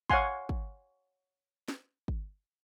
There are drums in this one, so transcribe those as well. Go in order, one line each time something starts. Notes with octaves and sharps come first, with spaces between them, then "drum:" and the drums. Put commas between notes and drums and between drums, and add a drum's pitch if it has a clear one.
C#5 F5 F#5 G#5 C6, drum: kick
drum: kick
drum: snare
drum: kick